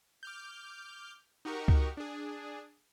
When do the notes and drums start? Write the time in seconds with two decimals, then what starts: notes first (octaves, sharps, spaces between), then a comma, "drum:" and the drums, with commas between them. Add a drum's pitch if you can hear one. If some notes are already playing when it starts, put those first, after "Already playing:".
0.23 D6 F6 G6
1.45 D#4 F#4 G4 A#4 C#6
1.68 drum: kick C#2
1.97 D4 G#4